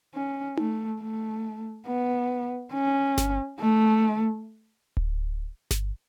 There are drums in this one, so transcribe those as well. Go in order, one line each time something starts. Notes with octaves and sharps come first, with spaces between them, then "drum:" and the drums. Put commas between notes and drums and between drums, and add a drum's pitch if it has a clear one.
C#4
A3, drum: tom D#4
A3
B3
C#4
drum: snare G1
A3
drum: kick D1
drum: snare G1